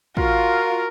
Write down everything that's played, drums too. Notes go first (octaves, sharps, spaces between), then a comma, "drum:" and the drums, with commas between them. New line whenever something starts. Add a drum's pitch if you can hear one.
F4 F#4 A#4, drum: kick